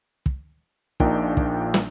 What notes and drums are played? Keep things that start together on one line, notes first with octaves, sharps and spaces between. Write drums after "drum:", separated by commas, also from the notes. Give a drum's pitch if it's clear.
drum: kick
A#1 A#2 D4 D#4 A#4 G5, drum: kick
drum: kick
drum: snare